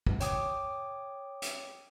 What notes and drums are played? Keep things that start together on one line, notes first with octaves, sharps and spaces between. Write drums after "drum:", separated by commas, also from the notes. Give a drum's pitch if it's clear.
drum: kick
C#5 G5 D6 D#6, drum: hi-hat
drum: hi-hat